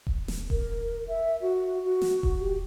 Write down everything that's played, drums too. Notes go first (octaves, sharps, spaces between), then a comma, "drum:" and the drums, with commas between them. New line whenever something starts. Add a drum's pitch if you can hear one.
drum: kick D#1
drum: snare
A#4, drum: kick D#1
E5
F#4
F#4
drum: snare
drum: kick D#1
G4